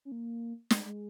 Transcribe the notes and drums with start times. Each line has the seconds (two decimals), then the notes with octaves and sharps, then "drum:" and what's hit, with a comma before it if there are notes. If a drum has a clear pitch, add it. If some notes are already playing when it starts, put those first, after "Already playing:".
0.05 C#4
0.12 A#3
0.70 G#3, drum: snare
0.85 G#3